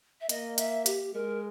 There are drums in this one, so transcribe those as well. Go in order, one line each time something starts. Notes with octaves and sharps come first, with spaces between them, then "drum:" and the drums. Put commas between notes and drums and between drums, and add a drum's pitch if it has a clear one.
E5
A#3 D#5, drum: hi-hat
E5, drum: hi-hat
G4, drum: hi-hat
G#3 A#4